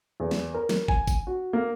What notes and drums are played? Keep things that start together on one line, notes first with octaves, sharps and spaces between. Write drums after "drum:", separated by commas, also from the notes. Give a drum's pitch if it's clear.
E2
drum: snare
A#4
drum: snare
G#5, drum: kick
drum: kick, tambourine
F#4
A#3